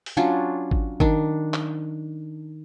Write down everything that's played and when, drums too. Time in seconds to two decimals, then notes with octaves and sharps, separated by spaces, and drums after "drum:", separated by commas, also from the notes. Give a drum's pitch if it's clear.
0.06 drum: open hi-hat
0.17 F#3 C#4 D4 F4
0.71 drum: kick G#1
1.00 D#3 D4, drum: kick G#1
1.54 drum: clap